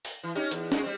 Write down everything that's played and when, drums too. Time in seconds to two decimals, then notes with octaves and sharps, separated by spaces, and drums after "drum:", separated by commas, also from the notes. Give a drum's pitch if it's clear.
0.05 drum: open hi-hat
0.23 E3
0.35 C#4 D#4 G4
0.52 E2, drum: hi-hat
0.72 G#3 D#4 F#4, drum: snare
0.83 G3 C4